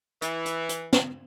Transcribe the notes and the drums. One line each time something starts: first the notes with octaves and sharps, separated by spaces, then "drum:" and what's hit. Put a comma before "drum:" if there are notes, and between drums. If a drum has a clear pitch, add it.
E3, drum: hi-hat
drum: hi-hat
drum: hi-hat
drum: snare